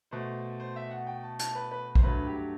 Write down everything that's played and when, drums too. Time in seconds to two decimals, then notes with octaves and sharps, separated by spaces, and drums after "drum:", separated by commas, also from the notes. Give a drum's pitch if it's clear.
0.11 B2 A3 C5
0.60 C5
0.76 E5
0.91 F#5
1.07 G5
1.23 A5
1.39 A5, drum: hi-hat
1.55 B4
1.71 B4
1.95 C5, drum: kick A#1
2.03 G2 F#3 A3 B4
2.26 G4